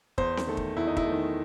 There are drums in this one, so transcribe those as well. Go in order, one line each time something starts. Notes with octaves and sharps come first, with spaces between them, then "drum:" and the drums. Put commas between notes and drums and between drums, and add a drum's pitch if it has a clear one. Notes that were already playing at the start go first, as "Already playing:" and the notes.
E2 C5, drum: kick
drum: snare C4
D#3 A3
drum: kick
E2 E4
D#4
E4, drum: kick
A3
D#3